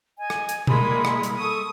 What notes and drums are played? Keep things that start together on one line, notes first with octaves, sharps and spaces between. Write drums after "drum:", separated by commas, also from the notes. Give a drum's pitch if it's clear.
D#5 G#5
drum: rim click
drum: hi-hat
G3 G#3 A#3 E4 B5 D#6, drum: tom B2
drum: rim click
drum: hi-hat
A4 C#6 D#6